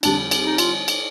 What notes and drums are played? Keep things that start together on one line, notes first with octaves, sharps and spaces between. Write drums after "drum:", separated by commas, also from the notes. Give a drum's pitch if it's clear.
F2 D3 G3 D4, drum: cymbal
drum: cymbal
D#4
F4, drum: cymbal
drum: cymbal